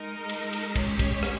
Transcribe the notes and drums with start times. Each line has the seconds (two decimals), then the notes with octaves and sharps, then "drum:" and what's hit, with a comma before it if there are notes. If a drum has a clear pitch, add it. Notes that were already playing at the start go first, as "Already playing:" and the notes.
Already playing: G#3 D#4 A#4 D#5
0.29 drum: cymbal
0.53 drum: cymbal
0.76 G#3 C#4 G4 C#5, drum: kick, cymbal
0.99 drum: kick, cymbal
1.23 drum: rim click